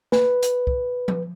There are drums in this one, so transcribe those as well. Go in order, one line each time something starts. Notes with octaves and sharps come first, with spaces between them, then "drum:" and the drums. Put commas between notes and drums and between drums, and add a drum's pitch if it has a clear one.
B4, drum: snare A#3
drum: hi-hat
drum: kick
drum: tom F3